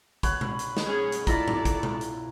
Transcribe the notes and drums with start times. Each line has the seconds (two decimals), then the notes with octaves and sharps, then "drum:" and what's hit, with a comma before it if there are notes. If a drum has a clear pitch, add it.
0.23 B4 C#5 F#5, drum: kick, hi-hat
0.41 drum: tom B2
0.59 drum: hi-hat
0.77 drum: snare
0.86 C#4 G#4
1.12 drum: hi-hat
1.27 E4 F4 A4 D5 A#5, drum: kick, hi-hat
1.48 drum: tom G#2
1.65 drum: kick, hi-hat
1.83 drum: tom B2
2.01 drum: hi-hat